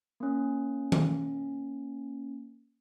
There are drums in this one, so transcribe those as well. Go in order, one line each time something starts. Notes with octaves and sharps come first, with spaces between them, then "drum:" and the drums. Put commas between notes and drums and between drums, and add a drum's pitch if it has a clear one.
A#3 C#4
drum: tom D#3